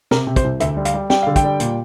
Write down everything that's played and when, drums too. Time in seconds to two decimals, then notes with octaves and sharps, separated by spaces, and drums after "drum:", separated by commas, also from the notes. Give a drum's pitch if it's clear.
0.11 C3 A#4, drum: snare
0.27 C3
0.36 C5, drum: kick, hi-hat
0.44 C2
0.60 D2 E5, drum: hi-hat
0.77 G3
0.85 F5, drum: hi-hat
0.94 G3
1.10 G3 G5, drum: snare
1.23 D3 F5
1.36 G5, drum: kick, hi-hat
1.44 G3
1.60 A#2, drum: hi-hat